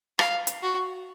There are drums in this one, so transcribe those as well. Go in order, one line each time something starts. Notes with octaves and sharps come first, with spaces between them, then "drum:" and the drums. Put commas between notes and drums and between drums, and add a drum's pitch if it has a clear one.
F5, drum: rim click
drum: hi-hat
F#4